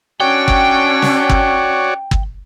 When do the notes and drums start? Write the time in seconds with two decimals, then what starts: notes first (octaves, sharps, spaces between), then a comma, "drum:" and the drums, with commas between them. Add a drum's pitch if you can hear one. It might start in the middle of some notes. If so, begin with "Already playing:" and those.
0.20 C#4 D4 F#4 C#5 D5 G5
0.48 drum: kick
1.02 drum: snare
1.29 drum: kick
2.11 drum: kick